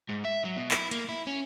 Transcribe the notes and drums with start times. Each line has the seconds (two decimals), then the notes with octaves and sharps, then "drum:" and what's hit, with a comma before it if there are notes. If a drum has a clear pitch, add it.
0.09 G#2
0.25 E5
0.45 F#3
0.57 B2
0.71 E4, drum: clap
0.91 A#3, drum: hi-hat
1.09 E4
1.27 C#4